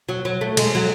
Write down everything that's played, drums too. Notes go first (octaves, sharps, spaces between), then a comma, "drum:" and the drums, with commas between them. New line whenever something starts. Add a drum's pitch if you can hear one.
F#3
F#3
A3
G#3, drum: cymbal
F#3